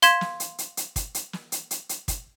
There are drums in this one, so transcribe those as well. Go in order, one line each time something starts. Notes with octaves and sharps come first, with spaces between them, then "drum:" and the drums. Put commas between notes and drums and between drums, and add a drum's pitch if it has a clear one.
F5 C6 G#6 B6 E7, drum: hi-hat
drum: snare
drum: hi-hat
drum: hi-hat
drum: hi-hat
drum: kick, hi-hat
drum: hi-hat
drum: snare
drum: hi-hat
drum: hi-hat
drum: hi-hat
drum: kick, hi-hat